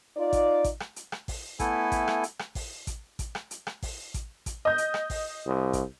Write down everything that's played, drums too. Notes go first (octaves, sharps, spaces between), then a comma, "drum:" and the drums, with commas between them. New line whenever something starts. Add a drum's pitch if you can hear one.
D#4 F4 D5
drum: kick A1, hi-hat
drum: kick A1, hi-hat
drum: rim click
drum: hi-hat
drum: rim click
drum: kick A1, open hi-hat
A3 B3 E4 A4 G#5, drum: kick A1, hi-hat
drum: kick A1, hi-hat
drum: rim click
drum: hi-hat
drum: rim click
drum: kick A1, open hi-hat
drum: kick A1, hi-hat
drum: kick A1, hi-hat
drum: rim click
drum: hi-hat
drum: rim click
drum: kick A1, open hi-hat
drum: kick A1, hi-hat
drum: kick A1, hi-hat
D#5 G6
drum: hi-hat
drum: rim click
drum: kick A1, open hi-hat
C2
drum: kick A1, hi-hat